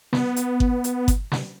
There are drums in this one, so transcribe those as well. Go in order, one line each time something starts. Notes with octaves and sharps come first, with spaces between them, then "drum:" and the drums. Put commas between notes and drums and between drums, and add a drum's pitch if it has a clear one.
B3, drum: snare
drum: hi-hat
drum: kick G1
drum: hi-hat
drum: kick G1, hi-hat
drum: snare